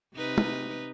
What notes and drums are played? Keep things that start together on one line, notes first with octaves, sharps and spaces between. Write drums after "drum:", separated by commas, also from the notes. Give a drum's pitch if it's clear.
C3 D#4 B4
drum: tom